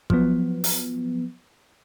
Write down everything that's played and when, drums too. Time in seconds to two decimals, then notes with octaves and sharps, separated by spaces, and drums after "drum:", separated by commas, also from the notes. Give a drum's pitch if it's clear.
0.10 F3 F#3 B3, drum: kick
0.64 drum: open hi-hat